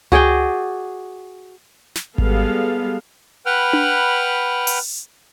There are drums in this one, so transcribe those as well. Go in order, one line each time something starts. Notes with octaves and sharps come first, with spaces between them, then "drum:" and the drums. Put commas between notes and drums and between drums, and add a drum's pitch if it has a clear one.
F#4 G#4 D5 G5, drum: tom C#2
drum: snare
G3 G#3 B3 A4 F5, drum: kick G#1
B4 F#5 G5 B5 F6
drum: tom D4
drum: open hi-hat